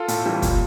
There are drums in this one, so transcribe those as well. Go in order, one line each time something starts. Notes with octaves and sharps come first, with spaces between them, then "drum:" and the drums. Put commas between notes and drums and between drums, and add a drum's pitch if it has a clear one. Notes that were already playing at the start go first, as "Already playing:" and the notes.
Already playing: F4 A4
A2, drum: hi-hat
E3 G3
A#2, drum: kick, hi-hat